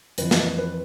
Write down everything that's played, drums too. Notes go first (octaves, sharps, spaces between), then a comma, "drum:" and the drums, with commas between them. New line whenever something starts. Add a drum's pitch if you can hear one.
F2 E3 B4, drum: hi-hat
drum: snare
B4